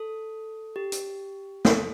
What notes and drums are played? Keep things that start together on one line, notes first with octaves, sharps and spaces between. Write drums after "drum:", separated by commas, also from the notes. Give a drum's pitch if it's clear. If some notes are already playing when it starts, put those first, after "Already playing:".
Already playing: A4
G4
drum: hi-hat
A4, drum: snare